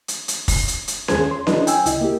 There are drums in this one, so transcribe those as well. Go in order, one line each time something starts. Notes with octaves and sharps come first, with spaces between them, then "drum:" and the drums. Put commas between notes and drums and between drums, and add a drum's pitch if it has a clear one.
drum: hi-hat
drum: hi-hat
drum: kick, open hi-hat
drum: hi-hat
drum: hi-hat
D#2 G#4 C5 G#6, drum: snare C#4
C6
F#3 D4 E4 B4 D#5, drum: snare C#4
G5 G#5 E6, drum: hi-hat
C#2 E4 D#5, drum: hi-hat
A#3 G4